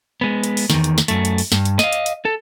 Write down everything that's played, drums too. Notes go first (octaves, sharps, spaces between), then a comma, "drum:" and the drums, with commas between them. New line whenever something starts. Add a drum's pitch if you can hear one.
G#3 B3
drum: hi-hat
drum: open hi-hat
E2 D#3, drum: snare
drum: hi-hat
drum: snare
F#2 A3, drum: hi-hat
drum: hi-hat
drum: open hi-hat
G2, drum: snare
drum: hi-hat
D#5 F5, drum: snare
drum: hi-hat
drum: hi-hat
A4